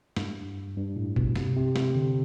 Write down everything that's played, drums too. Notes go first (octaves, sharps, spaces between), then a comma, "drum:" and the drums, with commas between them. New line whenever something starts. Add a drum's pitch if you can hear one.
G2, drum: snare
G2
A2
B2, drum: kick A1
C3, drum: snare
C3
C3, drum: snare
D3